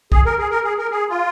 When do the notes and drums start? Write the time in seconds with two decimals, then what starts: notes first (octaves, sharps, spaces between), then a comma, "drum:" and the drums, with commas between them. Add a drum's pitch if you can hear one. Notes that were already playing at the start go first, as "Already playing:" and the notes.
0.12 G#4, drum: kick B1
0.26 A#4
0.39 G#4
0.51 A#4
0.64 G#4
0.78 A#4
0.91 G#4
1.09 F4